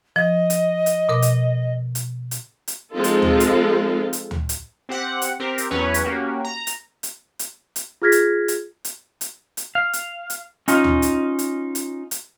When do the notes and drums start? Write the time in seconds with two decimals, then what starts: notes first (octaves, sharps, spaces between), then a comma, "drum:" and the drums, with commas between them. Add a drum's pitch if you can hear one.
0.16 F3 D#5
0.50 drum: hi-hat
0.86 drum: hi-hat
1.09 B2 A#4 D6
1.22 drum: hi-hat
1.95 drum: hi-hat
2.31 drum: hi-hat
2.68 drum: hi-hat
2.94 F3 G#3 C4 D#4 F4 A4
3.04 drum: hi-hat
3.22 drum: tom D2
3.40 drum: hi-hat
4.13 drum: hi-hat
4.31 drum: tom D2
4.49 drum: hi-hat
4.89 C4 G4 F#5
5.22 drum: hi-hat
5.40 C4 G4 A#4
5.58 drum: hi-hat
5.71 E2 F#3 C#4 B4 C#5
5.94 drum: hi-hat
6.04 A#3 C#4 F#4 G4
6.44 A#5
6.67 drum: hi-hat
7.03 drum: hi-hat
7.39 drum: hi-hat
7.76 drum: hi-hat
8.02 F4 G#4 F6 G#6 A#6 B6
8.12 drum: hi-hat
8.48 drum: hi-hat
8.85 drum: hi-hat
9.21 drum: hi-hat
9.57 drum: hi-hat
9.75 F5
9.93 drum: hi-hat
10.30 drum: hi-hat
10.68 C#4 D#4 F4, drum: hi-hat
10.84 drum: tom D2
11.02 drum: hi-hat
11.39 drum: hi-hat
11.75 drum: hi-hat
12.11 drum: hi-hat